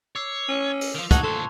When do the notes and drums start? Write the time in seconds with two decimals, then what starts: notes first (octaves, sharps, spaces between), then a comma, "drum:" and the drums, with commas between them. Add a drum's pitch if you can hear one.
0.15 C#5 D6 E6 C7
0.48 C#4
0.81 drum: open hi-hat
0.95 D#3 F3 F7
1.11 D#4 F#5 A5 C#6 G#6, drum: kick, hi-hat
1.23 D2 A#2 A4 A5 C6 F#6